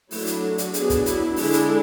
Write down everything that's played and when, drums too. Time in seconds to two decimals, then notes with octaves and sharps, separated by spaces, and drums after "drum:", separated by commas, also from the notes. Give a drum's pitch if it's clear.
0.11 F#3 A3 D4 E4, drum: open hi-hat
0.27 drum: hi-hat
0.42 F#4
0.58 drum: hi-hat
0.74 F#3 B3 D4 G#4, drum: hi-hat
0.90 drum: kick, hi-hat
1.06 E4, drum: hi-hat
1.36 D3 G#3 D4 E4, drum: open hi-hat
1.53 drum: hi-hat